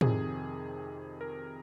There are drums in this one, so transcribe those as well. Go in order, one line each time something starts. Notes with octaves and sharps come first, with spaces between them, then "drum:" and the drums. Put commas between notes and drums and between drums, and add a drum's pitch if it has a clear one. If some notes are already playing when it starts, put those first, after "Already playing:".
F2 C3 D#3 G#4, drum: tom
A#4